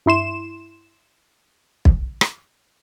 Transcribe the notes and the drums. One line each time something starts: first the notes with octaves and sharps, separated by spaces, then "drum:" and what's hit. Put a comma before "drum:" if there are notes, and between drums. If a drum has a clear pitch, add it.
G2 E4 C6 E7
drum: kick
drum: rim click